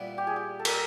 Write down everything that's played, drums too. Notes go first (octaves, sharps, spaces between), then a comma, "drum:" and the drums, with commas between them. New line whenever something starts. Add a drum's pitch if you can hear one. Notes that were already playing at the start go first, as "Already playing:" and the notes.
Already playing: A#2 G3 B3 E4
G4
G#4
G4
A4
A#4, drum: cymbal